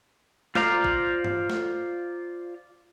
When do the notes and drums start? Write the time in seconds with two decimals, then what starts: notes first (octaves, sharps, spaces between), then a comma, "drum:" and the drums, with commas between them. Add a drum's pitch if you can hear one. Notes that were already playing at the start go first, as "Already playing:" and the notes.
0.55 F4 C5 D5 F5 A#5, drum: snare
0.84 drum: kick A1
1.24 drum: tom G2
1.50 drum: snare